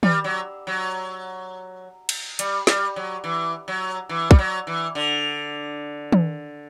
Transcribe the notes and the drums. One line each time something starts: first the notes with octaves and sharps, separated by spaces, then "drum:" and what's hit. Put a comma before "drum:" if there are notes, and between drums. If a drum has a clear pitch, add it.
G3, drum: tom
F#3
F#3
drum: cymbal
G3, drum: hi-hat
G3, drum: snare
F#3
E3
F#3
E3
G3, drum: kick
F#3
E3
D3
drum: tom